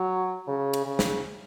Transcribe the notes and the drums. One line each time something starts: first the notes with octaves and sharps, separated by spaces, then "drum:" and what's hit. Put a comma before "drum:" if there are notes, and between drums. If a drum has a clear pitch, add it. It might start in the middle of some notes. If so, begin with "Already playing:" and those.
Already playing: F#3
C#3
drum: cymbal
C#3
drum: snare